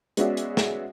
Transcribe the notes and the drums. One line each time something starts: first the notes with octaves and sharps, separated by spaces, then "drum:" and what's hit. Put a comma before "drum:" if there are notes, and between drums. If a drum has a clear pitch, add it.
G#3 B3 C#4 F#4 D5 E5, drum: hi-hat
drum: hi-hat
drum: snare